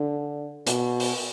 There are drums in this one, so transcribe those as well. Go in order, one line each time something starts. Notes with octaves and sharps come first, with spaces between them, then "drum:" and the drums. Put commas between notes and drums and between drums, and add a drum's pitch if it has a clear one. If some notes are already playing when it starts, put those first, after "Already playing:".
Already playing: D3
B2, drum: hi-hat
drum: open hi-hat